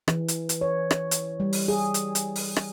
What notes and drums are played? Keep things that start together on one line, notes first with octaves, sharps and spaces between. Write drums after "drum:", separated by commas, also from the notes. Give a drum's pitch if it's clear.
E3, drum: rim click
drum: hi-hat
drum: hi-hat
C#5
drum: rim click
drum: hi-hat
G3
drum: open hi-hat
G#4
drum: hi-hat
drum: hi-hat
drum: open hi-hat
drum: rim click